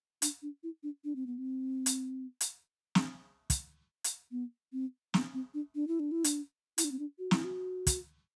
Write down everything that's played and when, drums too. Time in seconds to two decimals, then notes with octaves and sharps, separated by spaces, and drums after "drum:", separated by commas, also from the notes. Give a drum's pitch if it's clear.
0.22 D4, drum: hi-hat
0.42 D4
0.63 E4
0.83 D4
1.04 D4
1.16 C4
1.27 B3
1.38 C4
1.86 drum: hi-hat
2.41 drum: hi-hat
2.95 drum: snare
3.50 drum: kick, hi-hat
4.04 drum: hi-hat
4.31 B3
4.72 C4
5.14 B3, drum: snare
5.34 C4
5.54 D4
5.75 D4
5.88 E4
6.00 D4
6.12 E4
6.24 D4, drum: hi-hat
6.78 E4, drum: hi-hat
6.84 D4
6.92 C4
6.99 D4
7.19 F#4
7.31 E4, drum: snare
7.44 F#4
7.87 drum: kick, hi-hat